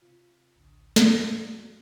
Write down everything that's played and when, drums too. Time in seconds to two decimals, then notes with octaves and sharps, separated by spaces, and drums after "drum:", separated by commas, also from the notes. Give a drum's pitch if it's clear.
0.02 C3 F4
0.55 A1 D2
0.96 F2 A2 C#4 D#5, drum: snare
1.46 F#4